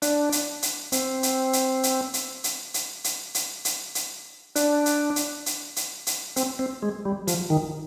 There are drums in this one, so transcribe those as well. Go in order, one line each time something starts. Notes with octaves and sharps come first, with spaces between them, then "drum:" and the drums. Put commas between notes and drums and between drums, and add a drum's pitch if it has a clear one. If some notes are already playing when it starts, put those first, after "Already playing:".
D4, drum: hi-hat
drum: hi-hat
drum: hi-hat
C4, drum: hi-hat
drum: hi-hat
drum: hi-hat
drum: hi-hat
drum: hi-hat
drum: hi-hat
drum: hi-hat
drum: hi-hat
drum: hi-hat
drum: hi-hat
drum: hi-hat
D4, drum: hi-hat
drum: hi-hat
drum: hi-hat
drum: hi-hat
drum: hi-hat
drum: hi-hat
C4, drum: hi-hat
C4
G#3
G3
F3, drum: hi-hat
D#3